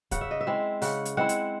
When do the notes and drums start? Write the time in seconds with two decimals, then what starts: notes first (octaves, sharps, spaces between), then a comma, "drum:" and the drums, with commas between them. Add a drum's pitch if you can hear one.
0.11 C#3 F#5, drum: kick, hi-hat
0.21 E5
0.31 D#5
0.41 E5
0.47 G#3 C4 E4
0.82 C#3 F#5, drum: open hi-hat
1.05 drum: hi-hat
1.17 G#3 C4 E4 F#5
1.29 drum: hi-hat